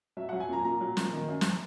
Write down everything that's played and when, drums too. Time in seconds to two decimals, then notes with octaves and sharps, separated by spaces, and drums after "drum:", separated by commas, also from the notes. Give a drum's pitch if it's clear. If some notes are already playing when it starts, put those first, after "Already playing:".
0.17 F#3 E5
0.29 F#3 F#5
0.40 G#5
0.49 A#2 A#5
0.65 A#2 A#5
0.81 F#3
0.97 A#2, drum: snare
1.13 D#3
1.28 F#2
1.41 drum: snare